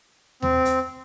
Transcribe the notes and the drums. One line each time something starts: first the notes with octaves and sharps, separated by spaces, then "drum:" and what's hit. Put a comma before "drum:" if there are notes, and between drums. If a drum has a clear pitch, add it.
C4, drum: tom D#2
drum: hi-hat